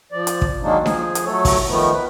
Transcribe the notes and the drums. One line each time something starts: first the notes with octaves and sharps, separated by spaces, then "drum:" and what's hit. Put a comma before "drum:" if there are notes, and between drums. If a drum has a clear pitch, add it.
F3 D5
drum: hi-hat
drum: kick
D#3 F#3 G#3 A#3 D4 D#4
F3 G#4, drum: snare D4
drum: hi-hat
F#3 A3 A4 C#5
drum: kick, open hi-hat
D#3 F3 A3 B3
B4